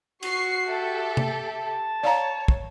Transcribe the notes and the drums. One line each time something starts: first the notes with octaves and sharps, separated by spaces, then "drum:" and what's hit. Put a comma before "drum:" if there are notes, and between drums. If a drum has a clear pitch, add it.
F#4 C#6 C7, drum: cymbal
G4 A4 E5
drum: tom C3
A5
C#5 D5 F5 A#5
drum: kick